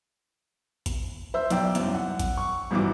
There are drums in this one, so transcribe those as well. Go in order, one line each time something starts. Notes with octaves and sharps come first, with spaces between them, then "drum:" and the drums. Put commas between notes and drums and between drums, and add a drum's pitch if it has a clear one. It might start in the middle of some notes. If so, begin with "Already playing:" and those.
drum: kick A1, hi-hat
C5 E5 E6
B1 D5 G5, drum: hi-hat
C2 F#2, drum: hi-hat
F#5
drum: kick A1, hi-hat
C#6
D#1 G#1 G2 E3 F#4 D6